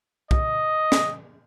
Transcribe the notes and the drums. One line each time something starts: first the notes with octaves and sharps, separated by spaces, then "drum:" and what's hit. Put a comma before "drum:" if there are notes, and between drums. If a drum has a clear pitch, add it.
D#5, drum: kick
drum: snare